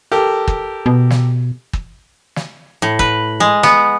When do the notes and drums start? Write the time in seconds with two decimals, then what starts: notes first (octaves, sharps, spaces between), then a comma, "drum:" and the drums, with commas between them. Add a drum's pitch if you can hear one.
0.12 G4 A4 A#4
0.48 drum: kick
0.86 B2
1.10 drum: snare
1.73 drum: kick
2.36 drum: snare
2.82 A2
2.99 B4, drum: kick
3.40 G#3
3.63 B3, drum: snare